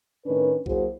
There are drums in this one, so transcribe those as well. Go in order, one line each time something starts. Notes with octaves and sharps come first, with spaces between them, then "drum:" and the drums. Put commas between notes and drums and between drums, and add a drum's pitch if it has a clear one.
A2 D#3 C#4 D4 B4
F#3 A#3 E4 F#4 G#4 C5, drum: kick B1